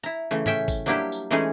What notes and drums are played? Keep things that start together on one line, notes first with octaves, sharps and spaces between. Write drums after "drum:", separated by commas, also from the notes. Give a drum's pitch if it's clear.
E4 A#5
C#3 E3 A3
A2 C#4 E5 G5, drum: tom G#2
drum: kick G#1, tambourine
F#3 G3 A#3 D4 E4 G4
drum: tambourine
E3 G#3 A3 C#4 D#4 G#4